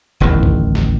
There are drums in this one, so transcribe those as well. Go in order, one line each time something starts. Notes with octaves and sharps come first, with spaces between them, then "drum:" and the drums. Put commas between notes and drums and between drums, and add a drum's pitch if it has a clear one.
D1 A1 E2 D#3
drum: kick A1
drum: snare